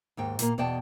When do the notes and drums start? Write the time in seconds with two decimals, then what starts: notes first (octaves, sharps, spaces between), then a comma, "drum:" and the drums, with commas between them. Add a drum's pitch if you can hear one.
0.17 D#2 G#2 G5
0.39 A#2 A#3, drum: hi-hat
0.58 E2 B2 D5 G5 A5